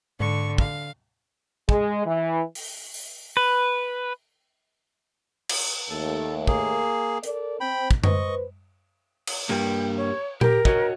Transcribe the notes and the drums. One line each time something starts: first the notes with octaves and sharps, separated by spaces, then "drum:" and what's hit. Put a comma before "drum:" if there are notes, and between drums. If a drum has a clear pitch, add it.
G#2 D3 C#6
F5, drum: kick
G#3, drum: kick
E3
drum: open hi-hat
drum: open hi-hat
B4
drum: cymbal
D#2 A3 A4
A#3 G#4, drum: kick
A4 A#4 D5, drum: hi-hat
C4 G5 B5
drum: kick
B4 C5 D#5 C#6, drum: tom F#2
drum: cymbal
G2 G3 A#3 G5
C#5
G4 A#4, drum: tom A#2
F#4 C#5 D#5, drum: kick